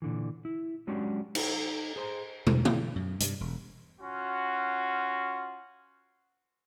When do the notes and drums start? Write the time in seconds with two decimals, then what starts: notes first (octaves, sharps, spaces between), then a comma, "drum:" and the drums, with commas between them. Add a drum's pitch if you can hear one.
0.02 A#2 D3 E3
0.45 E4
0.87 F#3 G#3 C#4 D4 F#4 G4
1.35 D#4 A4, drum: cymbal
1.96 G#4 C5 A#5
2.47 E2 D3 G3, drum: tom
2.65 D3, drum: tom
2.96 F#2
3.20 G2 C3 G3, drum: hi-hat
3.41 E1
4.00 C#4 F4 F#4